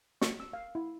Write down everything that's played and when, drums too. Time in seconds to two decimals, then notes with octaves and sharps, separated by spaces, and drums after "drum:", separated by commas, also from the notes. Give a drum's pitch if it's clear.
0.22 C#6, drum: snare
0.40 E6
0.53 F5
0.75 E4